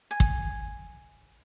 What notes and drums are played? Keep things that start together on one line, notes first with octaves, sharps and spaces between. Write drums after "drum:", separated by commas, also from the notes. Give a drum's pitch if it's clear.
G#5
drum: kick